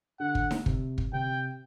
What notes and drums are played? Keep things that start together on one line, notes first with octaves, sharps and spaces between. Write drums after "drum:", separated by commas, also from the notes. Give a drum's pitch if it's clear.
D3 F#5
drum: kick
drum: snare D#4
C3, drum: kick
drum: kick
C3 G5